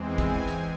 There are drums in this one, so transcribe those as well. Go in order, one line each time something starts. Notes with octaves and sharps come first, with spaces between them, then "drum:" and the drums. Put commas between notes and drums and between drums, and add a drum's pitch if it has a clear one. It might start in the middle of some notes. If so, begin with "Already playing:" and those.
Already playing: E2 E3 G#3 C4
G#5, drum: kick, hi-hat
drum: hi-hat